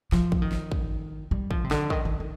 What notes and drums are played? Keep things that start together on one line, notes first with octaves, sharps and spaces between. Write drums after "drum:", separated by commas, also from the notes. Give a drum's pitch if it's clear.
F3, drum: snare
drum: kick
D#3
drum: snare
drum: kick
G3
F3, drum: kick
C3
D3, drum: snare
D#3, drum: kick
D#3
D#3